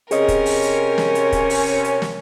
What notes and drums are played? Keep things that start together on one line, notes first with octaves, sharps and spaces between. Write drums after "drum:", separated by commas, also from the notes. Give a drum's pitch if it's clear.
C3 C#4 G#4 A#4 D#5, drum: hi-hat
drum: kick, hi-hat
drum: open hi-hat
drum: hi-hat
drum: snare
drum: hi-hat
drum: kick, hi-hat
drum: open hi-hat
drum: hi-hat
drum: snare